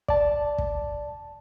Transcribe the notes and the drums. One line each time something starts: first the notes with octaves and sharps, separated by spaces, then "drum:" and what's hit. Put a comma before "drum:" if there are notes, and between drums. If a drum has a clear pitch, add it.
D5 A5, drum: kick
drum: kick